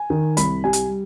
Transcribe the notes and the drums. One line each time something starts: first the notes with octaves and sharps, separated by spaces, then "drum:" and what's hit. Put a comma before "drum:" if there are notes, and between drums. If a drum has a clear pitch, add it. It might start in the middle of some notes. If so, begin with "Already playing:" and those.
Already playing: G#5
D#3
C2 B5, drum: hi-hat
G3 G#5
drum: hi-hat